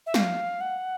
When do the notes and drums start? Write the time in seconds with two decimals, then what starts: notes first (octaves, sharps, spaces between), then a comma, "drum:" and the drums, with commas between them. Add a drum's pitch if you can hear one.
0.06 E5
0.14 F5, drum: snare
0.60 F#5